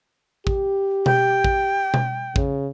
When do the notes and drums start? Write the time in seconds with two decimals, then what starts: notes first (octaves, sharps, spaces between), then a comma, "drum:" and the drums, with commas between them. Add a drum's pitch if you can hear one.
0.47 G4, drum: kick
1.06 G5, drum: tom B2
1.44 drum: kick
1.94 drum: tom B2
2.36 C#3, drum: kick